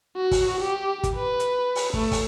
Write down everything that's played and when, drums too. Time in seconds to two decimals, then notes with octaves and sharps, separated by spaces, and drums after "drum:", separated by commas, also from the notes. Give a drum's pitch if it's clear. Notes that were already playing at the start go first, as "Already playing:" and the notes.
0.17 F#4
0.31 drum: kick, open hi-hat
0.61 G4
1.04 drum: kick, hi-hat
1.15 B4
1.40 drum: hi-hat
1.76 drum: open hi-hat
1.94 A3, drum: kick
2.12 drum: kick, open hi-hat